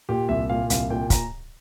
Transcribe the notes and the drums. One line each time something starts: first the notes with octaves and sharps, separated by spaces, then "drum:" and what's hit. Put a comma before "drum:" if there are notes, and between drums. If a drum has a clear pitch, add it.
A#2 G4
C2 E5
A#2 F5
C2 F5, drum: hi-hat
A#2 G5
A#5, drum: kick, hi-hat